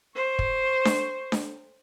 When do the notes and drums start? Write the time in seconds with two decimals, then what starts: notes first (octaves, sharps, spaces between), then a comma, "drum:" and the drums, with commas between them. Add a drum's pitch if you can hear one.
0.15 C5 C#6
0.39 drum: kick
0.85 drum: snare D4
1.32 drum: snare D4